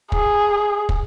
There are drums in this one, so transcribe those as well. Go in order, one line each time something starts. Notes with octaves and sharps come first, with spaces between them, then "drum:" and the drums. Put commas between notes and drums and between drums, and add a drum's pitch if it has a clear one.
G#4, drum: kick
drum: kick